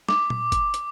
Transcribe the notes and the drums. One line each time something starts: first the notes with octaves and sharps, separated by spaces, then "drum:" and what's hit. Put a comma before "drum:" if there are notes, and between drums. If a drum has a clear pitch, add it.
D6, drum: snare
drum: tom A#2
drum: kick F#1, hi-hat
drum: hi-hat